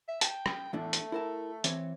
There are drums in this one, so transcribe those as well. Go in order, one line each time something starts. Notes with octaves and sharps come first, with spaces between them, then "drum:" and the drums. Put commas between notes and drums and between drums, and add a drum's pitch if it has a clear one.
E5
G5 A5, drum: hi-hat
drum: rim click
E2 A2 A3 D4
drum: hi-hat
E4 A#4 A5
E3 C4 C#5, drum: hi-hat